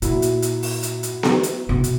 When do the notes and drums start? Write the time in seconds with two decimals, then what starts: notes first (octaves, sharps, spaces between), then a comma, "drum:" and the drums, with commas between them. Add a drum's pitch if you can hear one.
0.02 A#2 F#3 E4, drum: hi-hat
0.22 drum: hi-hat
0.42 drum: hi-hat
0.63 drum: open hi-hat
0.83 drum: hi-hat
1.03 drum: hi-hat
1.23 drum: snare B3
1.43 drum: hi-hat
1.69 B2
1.84 drum: hi-hat